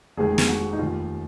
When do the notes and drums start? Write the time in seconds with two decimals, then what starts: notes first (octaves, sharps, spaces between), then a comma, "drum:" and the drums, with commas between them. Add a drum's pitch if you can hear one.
0.17 F1 D#2 D#3 G#3 G#4
0.38 drum: snare
0.48 F#4
0.73 D#4
0.78 F1 D#2 D#3 F4